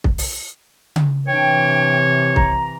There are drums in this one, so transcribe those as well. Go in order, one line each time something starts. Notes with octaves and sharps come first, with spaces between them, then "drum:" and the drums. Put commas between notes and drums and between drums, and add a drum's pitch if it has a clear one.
drum: kick
drum: open hi-hat
drum: tom C#3
C3 E3 D4 C#5 G5
A#5, drum: kick